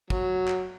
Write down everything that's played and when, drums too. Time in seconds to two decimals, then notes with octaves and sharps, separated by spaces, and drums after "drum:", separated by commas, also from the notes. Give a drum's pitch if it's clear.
0.10 F#3, drum: kick
0.48 drum: clap